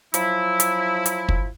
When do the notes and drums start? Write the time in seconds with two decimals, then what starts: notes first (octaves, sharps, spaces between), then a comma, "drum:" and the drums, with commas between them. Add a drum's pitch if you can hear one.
0.14 F3 F#3 E4, drum: hi-hat
0.60 drum: hi-hat
1.06 drum: hi-hat
1.29 drum: kick